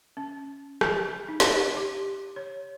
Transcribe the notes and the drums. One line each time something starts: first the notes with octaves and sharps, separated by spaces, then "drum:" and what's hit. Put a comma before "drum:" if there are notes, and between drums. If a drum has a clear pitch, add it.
C#4
drum: rim click
D#4
drum: snare
G4
C#5